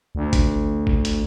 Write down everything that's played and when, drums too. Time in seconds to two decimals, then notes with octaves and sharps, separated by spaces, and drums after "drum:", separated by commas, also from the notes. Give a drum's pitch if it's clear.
0.15 D2
0.33 drum: kick G#1, hi-hat
0.87 drum: kick G#1
1.05 drum: hi-hat